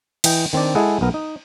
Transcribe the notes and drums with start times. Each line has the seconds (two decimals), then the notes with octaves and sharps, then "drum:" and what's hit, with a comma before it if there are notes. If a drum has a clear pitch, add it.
0.24 E3 D#5 G5, drum: cymbal
0.53 D#3 C4 D4 D5
0.75 G#3 E4 G#4 A4 F#5
1.01 B1 B3 A#4
1.14 D#4